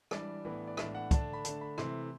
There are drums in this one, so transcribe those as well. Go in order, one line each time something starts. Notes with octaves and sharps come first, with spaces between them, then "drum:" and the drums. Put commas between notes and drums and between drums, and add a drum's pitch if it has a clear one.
E3 G3 D4 D5, drum: rim click
A2 E3 B3 D4
D5
A2 E3 B3 D4 E5, drum: rim click
F#5
D3 A3 D4 A5, drum: kick, hi-hat
B5
D3 A3 D4 A5, drum: hi-hat
B5
C3 E3 A3 C6, drum: rim click